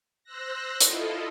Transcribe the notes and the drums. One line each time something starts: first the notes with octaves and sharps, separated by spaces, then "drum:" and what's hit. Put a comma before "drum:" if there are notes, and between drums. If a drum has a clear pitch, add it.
C5 E6 F#6 A#6
E4 F4 A4 D#5, drum: hi-hat